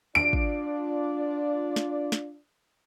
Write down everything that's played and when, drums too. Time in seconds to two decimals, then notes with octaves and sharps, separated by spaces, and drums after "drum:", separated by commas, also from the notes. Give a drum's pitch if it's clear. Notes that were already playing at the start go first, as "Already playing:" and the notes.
0.15 D4 F4 D5 D7
0.33 drum: kick
1.76 drum: snare
2.12 drum: snare